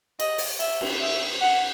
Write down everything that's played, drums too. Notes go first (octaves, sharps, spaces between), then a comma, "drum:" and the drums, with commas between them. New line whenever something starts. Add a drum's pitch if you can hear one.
D#5, drum: cymbal
drum: open hi-hat
E5, drum: cymbal
drum: cymbal
E5
F#5